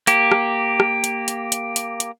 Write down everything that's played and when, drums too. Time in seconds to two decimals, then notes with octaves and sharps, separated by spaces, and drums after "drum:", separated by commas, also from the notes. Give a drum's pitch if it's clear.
0.07 A#3 G4, drum: hi-hat
0.31 drum: rim click
0.80 drum: rim click
1.04 drum: hi-hat
1.28 drum: hi-hat
1.52 drum: hi-hat
1.76 drum: hi-hat
2.00 drum: hi-hat